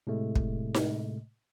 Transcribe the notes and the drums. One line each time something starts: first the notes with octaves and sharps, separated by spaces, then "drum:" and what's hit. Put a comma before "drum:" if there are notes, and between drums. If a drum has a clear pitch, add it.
A2 C3 G#3 A3
drum: kick
drum: snare D#4